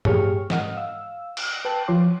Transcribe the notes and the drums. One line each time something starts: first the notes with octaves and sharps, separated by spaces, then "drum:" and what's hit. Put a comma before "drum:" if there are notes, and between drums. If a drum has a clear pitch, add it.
A2 G4 G#4 C#5 C#6 F6, drum: tom G2
G#2 D#5 F#5 F6, drum: snare
F5 E6
drum: cymbal
B4 G5 A5
F3 F4 C#5 C6 D6